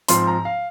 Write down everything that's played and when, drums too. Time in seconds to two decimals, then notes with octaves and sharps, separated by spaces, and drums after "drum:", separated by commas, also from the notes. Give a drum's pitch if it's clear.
0.09 G#2 F3 C4 C6, drum: hi-hat
0.27 A#5
0.45 F5